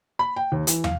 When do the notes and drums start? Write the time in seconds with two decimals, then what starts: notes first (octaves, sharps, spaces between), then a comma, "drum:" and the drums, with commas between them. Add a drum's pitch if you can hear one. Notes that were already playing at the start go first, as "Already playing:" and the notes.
0.19 B5
0.36 G5
0.52 D#2
0.67 E3, drum: hi-hat
0.84 F5, drum: tom